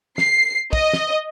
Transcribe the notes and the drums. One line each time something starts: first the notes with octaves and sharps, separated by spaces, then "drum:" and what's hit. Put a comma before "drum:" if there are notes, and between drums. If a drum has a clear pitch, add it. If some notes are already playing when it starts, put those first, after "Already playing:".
C7, drum: snare
D#5, drum: kick
drum: snare